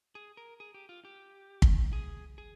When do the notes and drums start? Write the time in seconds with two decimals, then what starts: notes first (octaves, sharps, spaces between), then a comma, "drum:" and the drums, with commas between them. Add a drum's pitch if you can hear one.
0.15 G#4
0.37 A#4
0.60 G#4
0.74 G4
0.89 F4
1.05 G4
1.62 drum: kick
1.93 G#4
2.38 G#4